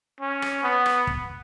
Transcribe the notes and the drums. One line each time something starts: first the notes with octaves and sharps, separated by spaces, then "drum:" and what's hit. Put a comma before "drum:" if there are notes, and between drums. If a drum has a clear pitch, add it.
C#4
drum: rim click
B3
drum: rim click
drum: kick